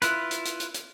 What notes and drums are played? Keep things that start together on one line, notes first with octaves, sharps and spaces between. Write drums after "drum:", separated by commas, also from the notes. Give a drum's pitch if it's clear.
E4 F4 B4, drum: hi-hat
drum: hi-hat
drum: hi-hat
drum: hi-hat
drum: hi-hat